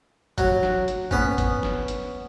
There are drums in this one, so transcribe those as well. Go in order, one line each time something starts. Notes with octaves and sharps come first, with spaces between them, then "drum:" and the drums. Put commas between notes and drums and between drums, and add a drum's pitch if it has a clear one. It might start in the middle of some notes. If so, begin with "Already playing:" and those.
F#3, drum: kick, hi-hat
drum: snare
drum: hi-hat
B3 C#4, drum: kick
drum: kick, hi-hat
drum: snare
drum: hi-hat